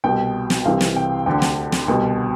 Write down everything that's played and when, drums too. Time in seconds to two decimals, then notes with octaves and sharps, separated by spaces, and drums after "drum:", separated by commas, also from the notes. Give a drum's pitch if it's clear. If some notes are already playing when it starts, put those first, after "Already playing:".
0.04 C2 B2 G5
0.50 drum: snare
0.65 C2 C3 E3 F5
0.81 drum: snare
0.96 G5
1.26 D2 D3 G5
1.42 drum: snare
1.72 drum: snare
1.88 C2 B2